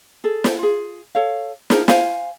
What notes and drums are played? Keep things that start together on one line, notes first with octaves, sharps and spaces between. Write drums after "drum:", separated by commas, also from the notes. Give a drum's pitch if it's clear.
G#4 A4
drum: snare
F4 G#4
A4 C#5 F5
D4 D#4 G#4 A#4, drum: snare
C5 F5 G#5, drum: snare